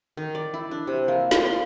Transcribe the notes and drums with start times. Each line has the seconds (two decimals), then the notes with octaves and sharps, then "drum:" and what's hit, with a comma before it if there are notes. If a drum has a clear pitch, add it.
0.17 D#3
0.35 D5
0.54 E4
0.71 D4
0.87 C3
1.08 A#3
1.31 F4, drum: snare
1.45 C6